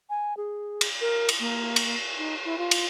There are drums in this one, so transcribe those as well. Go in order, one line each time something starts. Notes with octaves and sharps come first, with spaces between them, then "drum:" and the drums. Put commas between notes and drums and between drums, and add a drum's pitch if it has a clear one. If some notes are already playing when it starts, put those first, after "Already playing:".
G#5
G#4
drum: cymbal
A#4
drum: cymbal
A#3
drum: cymbal
D#4
E4
F4
drum: cymbal